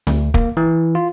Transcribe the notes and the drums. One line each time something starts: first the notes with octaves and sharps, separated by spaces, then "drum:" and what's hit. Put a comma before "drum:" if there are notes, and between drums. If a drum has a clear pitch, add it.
D2, drum: snare C4
A#3, drum: kick
E3
F4